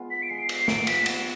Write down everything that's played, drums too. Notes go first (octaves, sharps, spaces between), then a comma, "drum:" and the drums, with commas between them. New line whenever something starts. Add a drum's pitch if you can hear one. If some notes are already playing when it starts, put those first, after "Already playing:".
Already playing: G#3 B3 F4
B6
D7
G#3 C7
C7, drum: cymbal
B3 F4 D7, drum: snare
B6, drum: cymbal
B3, drum: cymbal